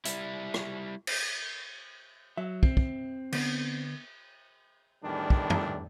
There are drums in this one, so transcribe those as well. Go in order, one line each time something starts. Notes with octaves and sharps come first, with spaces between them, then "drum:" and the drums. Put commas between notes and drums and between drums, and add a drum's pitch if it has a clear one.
G3 E4, drum: hi-hat
drum: rim click
drum: cymbal
F#3 E5
C4, drum: kick
drum: kick
D3 B3, drum: cymbal
E2 A2 D#3 G3 D4
drum: kick
drum: tom F2